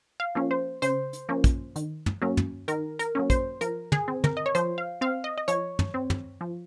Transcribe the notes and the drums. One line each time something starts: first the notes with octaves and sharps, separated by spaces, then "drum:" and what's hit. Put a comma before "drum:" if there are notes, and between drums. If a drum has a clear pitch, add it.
F5
F3 A#3 C#4
C5
C#3 C5, drum: hi-hat
drum: hi-hat
F3 A#3 C#4
drum: kick, hi-hat
D#3, drum: hi-hat
drum: tom
F#3 A#3 C#4
drum: tom
D#3 A#4, drum: hi-hat
A#4, drum: hi-hat
F#3 A#3 C#4
C5, drum: kick, hi-hat
F3 A#4, drum: hi-hat
G#4, drum: tom
C4
A#4, drum: tom
D#5
C#5
F3 C5, drum: hi-hat
F5
C4 F5
D#5
D#5
F3 C#5, drum: hi-hat
drum: tom
C4
drum: tom
F3